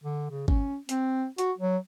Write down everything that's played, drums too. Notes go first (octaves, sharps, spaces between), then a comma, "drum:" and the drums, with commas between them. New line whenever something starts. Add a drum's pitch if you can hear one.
D3
C#3
C#4, drum: kick
C4, drum: hi-hat
F#4, drum: hi-hat
F#3